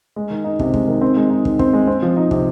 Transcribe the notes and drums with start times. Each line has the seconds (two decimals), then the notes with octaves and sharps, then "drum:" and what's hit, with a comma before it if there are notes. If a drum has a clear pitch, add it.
0.16 G#3
0.30 D#3
0.44 D#4
0.59 C3, drum: kick
0.74 G#3, drum: kick
0.88 D#3
1.02 C4
1.17 G#3
1.30 D#4
1.45 D#3, drum: kick
1.59 C4, drum: kick
1.73 G#3
1.87 C4
2.02 F3
2.16 D#4
2.31 C3, drum: kick